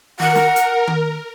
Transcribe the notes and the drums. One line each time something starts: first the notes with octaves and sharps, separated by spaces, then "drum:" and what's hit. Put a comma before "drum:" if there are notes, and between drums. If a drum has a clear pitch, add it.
A#4 F#5, drum: tom D#3
drum: snare
drum: hi-hat
drum: tom D#3